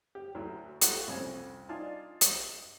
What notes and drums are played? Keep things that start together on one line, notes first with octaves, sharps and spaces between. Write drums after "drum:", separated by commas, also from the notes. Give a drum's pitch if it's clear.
G4
D2 F#3 E4 E6
A3 F4 G4 F#5 A#5 C#6, drum: hi-hat
C2 F2 C#4 G#5
D4 D#4 F4 D5 G#5 A5
drum: hi-hat